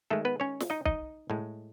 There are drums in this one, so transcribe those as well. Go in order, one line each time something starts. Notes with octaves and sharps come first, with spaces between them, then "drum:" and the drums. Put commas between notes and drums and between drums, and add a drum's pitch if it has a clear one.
D#3 G#3 A3 A4
B3 B4
C#4 C#5
drum: snare
D#4 D#5
D#4 D#5, drum: kick
A2 G#3